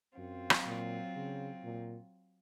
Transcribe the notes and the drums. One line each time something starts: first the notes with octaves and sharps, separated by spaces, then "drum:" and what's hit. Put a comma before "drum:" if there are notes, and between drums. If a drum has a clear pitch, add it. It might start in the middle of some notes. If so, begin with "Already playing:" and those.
F#2 F#3 C4 F4
drum: rim click
A#2
C#3
A#2